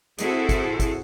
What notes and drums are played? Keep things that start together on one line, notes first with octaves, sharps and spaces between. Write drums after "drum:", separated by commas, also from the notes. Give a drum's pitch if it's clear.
C4 E4 F#4 G#4 A4 C5, drum: hi-hat
drum: kick, hi-hat
drum: kick, hi-hat